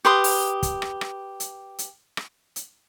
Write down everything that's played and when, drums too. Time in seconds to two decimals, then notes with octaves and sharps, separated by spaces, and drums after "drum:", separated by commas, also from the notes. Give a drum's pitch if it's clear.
0.05 G4 B4 C6 D#6
0.24 drum: open hi-hat
0.63 drum: kick, hi-hat
0.82 drum: rim click
1.01 drum: rim click
1.40 drum: hi-hat
1.79 drum: hi-hat
2.17 drum: rim click
2.56 drum: hi-hat